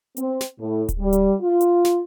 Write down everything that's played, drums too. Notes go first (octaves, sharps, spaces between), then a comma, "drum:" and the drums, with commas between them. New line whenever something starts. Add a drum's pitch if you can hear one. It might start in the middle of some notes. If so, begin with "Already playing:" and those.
C4, drum: hi-hat
drum: snare
A2
drum: kick D1, hi-hat
G3
drum: hi-hat
F4
drum: hi-hat
drum: snare